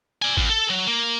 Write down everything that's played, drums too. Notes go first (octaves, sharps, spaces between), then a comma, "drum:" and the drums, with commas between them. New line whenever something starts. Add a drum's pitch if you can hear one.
D5 G#5
E2, drum: kick G#1
A4
F#3
A#3